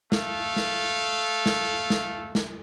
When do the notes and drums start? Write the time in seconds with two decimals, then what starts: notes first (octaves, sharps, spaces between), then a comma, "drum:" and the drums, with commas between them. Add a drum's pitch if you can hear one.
0.12 A3 A4 F5, drum: snare
0.56 drum: snare
1.46 drum: snare
1.90 drum: snare
2.35 drum: snare